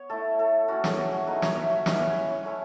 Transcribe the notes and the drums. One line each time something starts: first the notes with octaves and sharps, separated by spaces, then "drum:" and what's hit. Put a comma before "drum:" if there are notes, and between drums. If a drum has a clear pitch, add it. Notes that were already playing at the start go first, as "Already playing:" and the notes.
Already playing: B3 C#5
A3 E4 A4
A4
A3 C#4 E4 F#4
G#4, drum: snare
F#4
G#4
F#3 A3 D#4 B4
C#5, drum: snare
E5
C#5
G#3 C#4 E4 B4, drum: snare
C#5
C#5
A3 C#4 E4